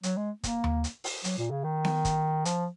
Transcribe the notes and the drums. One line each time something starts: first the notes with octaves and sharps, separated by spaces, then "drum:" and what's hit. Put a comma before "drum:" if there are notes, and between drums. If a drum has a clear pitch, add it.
F#3, drum: hi-hat
G#3
A#3, drum: kick, hi-hat
drum: tom D#2
drum: hi-hat
drum: open hi-hat
F#3, drum: hi-hat
A#2
C#3
D#3
drum: snare B3
drum: kick, hi-hat
F3, drum: hi-hat